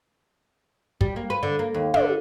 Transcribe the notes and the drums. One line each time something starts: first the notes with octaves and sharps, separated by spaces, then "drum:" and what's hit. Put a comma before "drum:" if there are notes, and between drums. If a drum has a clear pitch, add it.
G3, drum: kick
A#3
B4
D3
A#3
D#2
D3, drum: tom